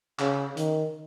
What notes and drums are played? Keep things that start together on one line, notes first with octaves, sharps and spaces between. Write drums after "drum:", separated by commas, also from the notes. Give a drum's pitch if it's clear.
C#3, drum: clap
D#3, drum: hi-hat